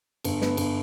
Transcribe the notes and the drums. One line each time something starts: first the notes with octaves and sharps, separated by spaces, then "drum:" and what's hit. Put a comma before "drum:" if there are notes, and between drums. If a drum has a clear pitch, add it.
G1, drum: cymbal
B3, drum: snare
G1, drum: cymbal